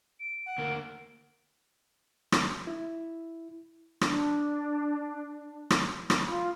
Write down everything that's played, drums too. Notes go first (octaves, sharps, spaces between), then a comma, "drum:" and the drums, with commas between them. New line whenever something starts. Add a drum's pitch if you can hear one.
D7
F#5
D2 A#3
drum: rim click
E4
D4, drum: rim click
drum: rim click
B5, drum: rim click
F4